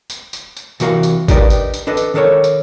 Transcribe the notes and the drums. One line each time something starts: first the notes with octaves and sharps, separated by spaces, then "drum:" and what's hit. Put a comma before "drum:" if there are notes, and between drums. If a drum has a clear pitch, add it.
drum: tambourine
drum: tambourine
drum: tambourine
C2 E3 F#4 A#4 F5, drum: tambourine
drum: tambourine
D4 D#4 G4 A#4 B4 D5, drum: kick, tambourine
drum: tambourine
drum: tambourine
D4 A4 B4 D#5
drum: tambourine
D#3 D4 A4 A#4 C#5
drum: tambourine